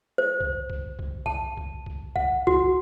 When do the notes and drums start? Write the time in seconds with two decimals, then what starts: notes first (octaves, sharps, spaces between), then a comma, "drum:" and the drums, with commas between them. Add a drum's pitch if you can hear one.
0.18 C5
0.40 drum: kick C2
0.70 drum: kick C2
0.99 drum: kick C2
1.26 A5, drum: kick C2
1.57 drum: kick C2
1.86 drum: kick C2
2.16 F#5, drum: kick C2
2.47 F#4, drum: kick C2